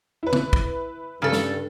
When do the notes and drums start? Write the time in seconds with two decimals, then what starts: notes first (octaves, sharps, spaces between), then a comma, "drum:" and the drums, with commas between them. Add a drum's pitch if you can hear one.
0.23 E4 B4
0.33 drum: tom C#3
0.53 drum: kick
1.22 G2 C#3 A4
1.32 drum: snare